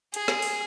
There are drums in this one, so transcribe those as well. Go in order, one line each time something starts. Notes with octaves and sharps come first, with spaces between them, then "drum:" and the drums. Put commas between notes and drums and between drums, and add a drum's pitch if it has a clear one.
G#4, drum: hi-hat
drum: snare
drum: open hi-hat